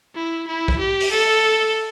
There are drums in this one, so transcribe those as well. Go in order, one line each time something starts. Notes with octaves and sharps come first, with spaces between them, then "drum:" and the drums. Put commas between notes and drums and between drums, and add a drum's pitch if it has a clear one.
E4
E4
drum: kick
G4
drum: open hi-hat
A4